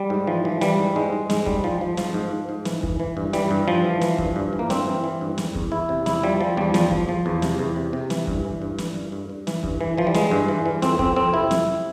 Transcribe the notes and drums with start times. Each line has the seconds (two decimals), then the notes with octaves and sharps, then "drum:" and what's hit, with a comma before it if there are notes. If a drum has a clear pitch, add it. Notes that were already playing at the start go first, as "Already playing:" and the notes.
Already playing: G3
0.10 G#2
0.27 E3 F3
0.45 E3
0.61 E3 G3, drum: snare
0.79 G#2
0.96 G#2 G#3
1.12 G#2
1.30 G#2 G#3, drum: snare
1.46 G#2 G3, drum: kick
1.63 G#2 F3
1.80 G#2 F3
1.97 G#2 F3, drum: snare
2.14 G#2
2.32 G#2
2.49 G#2
2.65 E3, drum: snare
2.83 E3, drum: kick
3.00 E3
3.17 G2
3.33 E3 G3, drum: snare
3.51 G2
3.68 G2 F3
3.84 E3
4.01 E3, drum: snare
4.18 G2, drum: kick
4.36 G2
4.53 E3
4.59 A#3
4.70 G2 C4, drum: snare
4.87 E3
5.04 E3
5.21 G2
5.38 E2, drum: snare
5.55 E2, drum: kick
5.72 E2 E4
5.89 C3
6.06 E2 E4, drum: snare
6.23 F3 G3
6.41 F3
6.57 E2 G3
6.74 E2 F3, drum: snare
6.91 F3, drum: kick
7.09 F3
7.26 E2
7.42 C3, drum: snare
7.59 E2
7.76 C3
7.93 C3
8.10 E3, drum: snare
8.28 G2, drum: kick
8.45 E3
8.62 G2
8.78 E3, drum: snare
8.95 G2
9.12 G2
9.30 G2
9.47 E3, drum: snare
9.64 G2, drum: kick
9.81 E3
9.98 E3 F3
10.07 G3
10.14 E3 G#3, drum: snare
10.32 G2
10.48 E3
10.65 E3
10.82 F2 C4, drum: snare
10.99 F2 C4, drum: kick
11.16 F2 C4
11.33 C3 E4
11.51 F2, drum: snare